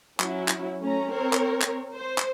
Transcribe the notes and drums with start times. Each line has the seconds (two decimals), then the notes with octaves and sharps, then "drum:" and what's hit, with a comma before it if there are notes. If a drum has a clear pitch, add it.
0.20 F#3 C#4 E4, drum: clap
0.48 drum: clap
0.82 A3 C#4 A#5
1.12 C4 A#4 C#5
1.33 drum: clap
1.62 drum: clap
1.95 C5
2.18 drum: clap